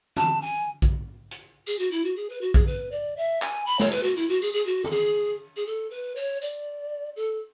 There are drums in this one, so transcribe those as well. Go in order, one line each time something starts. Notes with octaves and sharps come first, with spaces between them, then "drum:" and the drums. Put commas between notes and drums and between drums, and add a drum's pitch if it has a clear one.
A5, drum: tom
G#5
drum: kick A#1
drum: hi-hat
G#4, drum: tambourine
F#4
E4
F#4
G#4
B4
F#4
G#4, drum: kick A#1
B4
D5
E5
G#5, drum: clap
B5
C#5, drum: snare
B4, drum: cymbal
F#4
E4
F#4
G#4, drum: tambourine
G#4
F#4
A4, drum: tom
G#4
G#4
A4
B4
C#5
D5, drum: tambourine
A4